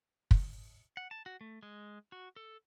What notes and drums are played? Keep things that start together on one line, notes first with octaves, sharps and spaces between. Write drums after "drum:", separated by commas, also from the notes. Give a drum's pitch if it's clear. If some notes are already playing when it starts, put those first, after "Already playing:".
drum: kick
F#5
A5
F#4
A3
G#3
F#4
A4